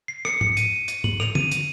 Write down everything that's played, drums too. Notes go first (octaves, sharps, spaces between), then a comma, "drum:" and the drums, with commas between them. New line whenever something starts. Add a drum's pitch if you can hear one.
C7
C#7, drum: rim click
C#7, drum: tom
D#7, drum: hi-hat
drum: hi-hat
F#7, drum: tom
F7, drum: rim click
D#7, drum: tom
drum: hi-hat